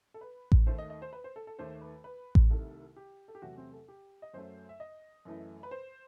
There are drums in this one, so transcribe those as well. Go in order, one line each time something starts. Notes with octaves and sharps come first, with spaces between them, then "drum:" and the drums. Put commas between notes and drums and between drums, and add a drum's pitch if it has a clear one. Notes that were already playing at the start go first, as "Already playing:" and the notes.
A4
B4
drum: kick A1
D#2 D#3 A3 C5
D#5
D#5
C5
B4
C5
A4
A4
D#2 D#3 A3 C5
B4
B4
drum: kick A1
C2 C3 D#3 A3 A4
G4
A4
G4
E2 C3 F#3 A3 F#4
C4
A4
G4
D#5
F#2 F#3 A3 C5
E5
D#5
F#2 E3 A3
B4
C5